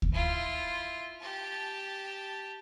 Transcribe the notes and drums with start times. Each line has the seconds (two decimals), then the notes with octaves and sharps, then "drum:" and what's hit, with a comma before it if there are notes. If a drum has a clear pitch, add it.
0.02 drum: kick D2
0.13 E4 F4
1.21 G4 A5